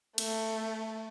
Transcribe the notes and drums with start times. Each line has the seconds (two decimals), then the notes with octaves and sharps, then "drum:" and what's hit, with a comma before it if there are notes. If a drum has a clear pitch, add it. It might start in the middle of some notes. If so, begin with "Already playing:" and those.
0.18 A3, drum: cymbal